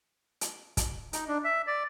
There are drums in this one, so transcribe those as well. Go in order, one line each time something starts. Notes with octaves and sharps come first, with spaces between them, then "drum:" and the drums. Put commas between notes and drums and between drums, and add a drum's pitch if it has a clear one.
drum: hi-hat
drum: kick, hi-hat
D#4, drum: hi-hat
D4
E5
D5